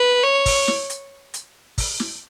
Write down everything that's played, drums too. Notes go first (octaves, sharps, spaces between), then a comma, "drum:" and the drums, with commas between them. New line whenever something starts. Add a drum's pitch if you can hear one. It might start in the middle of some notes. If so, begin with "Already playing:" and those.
Already playing: B4
C#5
drum: kick, open hi-hat
drum: snare
drum: hi-hat
drum: hi-hat
drum: kick, open hi-hat
drum: snare